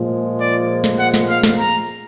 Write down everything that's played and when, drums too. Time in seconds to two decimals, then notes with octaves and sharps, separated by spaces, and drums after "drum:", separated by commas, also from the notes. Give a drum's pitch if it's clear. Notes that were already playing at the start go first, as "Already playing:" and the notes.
Already playing: A#2 F3 G#3
0.39 D5
0.84 drum: snare
0.98 F#5
1.14 drum: snare
1.29 F5
1.43 drum: snare
1.58 A#5